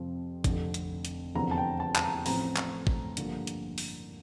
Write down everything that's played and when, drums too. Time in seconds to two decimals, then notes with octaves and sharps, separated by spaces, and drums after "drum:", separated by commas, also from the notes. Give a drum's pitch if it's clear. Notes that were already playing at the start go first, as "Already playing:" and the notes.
Already playing: F2 C3 F3 C4
0.44 F1 F2 D3, drum: kick, hi-hat
0.74 drum: hi-hat
1.05 drum: hi-hat
1.34 F1 E2 D3 F3 C4 A#5
1.51 A5
1.58 G5
1.80 A5
1.96 A5, drum: clap
2.03 A#5
2.26 A1 A2 F3 A3 C4 A#5, drum: open hi-hat
2.56 drum: clap
2.87 drum: kick
3.17 G2 D3 F3 A#3, drum: hi-hat
3.47 drum: hi-hat
3.78 drum: open hi-hat